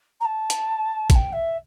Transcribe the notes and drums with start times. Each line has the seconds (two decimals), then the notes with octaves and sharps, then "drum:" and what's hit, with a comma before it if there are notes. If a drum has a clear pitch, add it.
0.20 A#5
0.25 A5
0.50 drum: hi-hat
1.10 A5, drum: kick A1, hi-hat
1.15 G5
1.32 E5